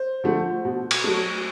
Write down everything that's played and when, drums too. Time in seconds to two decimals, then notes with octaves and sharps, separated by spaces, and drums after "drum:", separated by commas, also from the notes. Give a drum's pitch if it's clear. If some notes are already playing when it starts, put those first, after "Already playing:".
Already playing: C5
0.24 D3 F3 A3
0.65 B2
0.91 drum: cymbal
1.04 F#3 A3